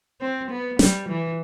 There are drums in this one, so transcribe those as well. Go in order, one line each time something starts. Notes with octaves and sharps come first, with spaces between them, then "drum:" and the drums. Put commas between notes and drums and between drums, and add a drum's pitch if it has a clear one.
C4
B3
G3, drum: snare
E3